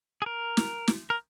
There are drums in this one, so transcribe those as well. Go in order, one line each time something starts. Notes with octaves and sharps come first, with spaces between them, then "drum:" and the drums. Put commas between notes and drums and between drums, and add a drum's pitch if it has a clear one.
G#4
A#4
drum: snare
drum: snare
A#4